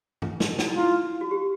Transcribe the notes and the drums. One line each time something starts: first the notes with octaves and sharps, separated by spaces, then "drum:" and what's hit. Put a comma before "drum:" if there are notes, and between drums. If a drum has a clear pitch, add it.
drum: tom G2
D4, drum: snare
E4, drum: snare
D#4
E4 F4
F#4
G4